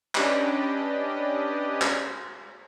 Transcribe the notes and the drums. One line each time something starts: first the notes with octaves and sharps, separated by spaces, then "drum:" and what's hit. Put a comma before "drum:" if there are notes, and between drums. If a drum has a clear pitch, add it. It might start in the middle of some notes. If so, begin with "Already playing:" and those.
C#4 D4 G4 B4 D5 D#5, drum: clap
drum: clap